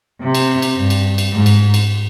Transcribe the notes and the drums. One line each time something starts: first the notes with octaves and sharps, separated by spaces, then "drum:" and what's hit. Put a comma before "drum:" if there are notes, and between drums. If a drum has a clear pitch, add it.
C3
drum: cymbal
drum: cymbal
G2
drum: cymbal
drum: cymbal
G#2
drum: cymbal
drum: cymbal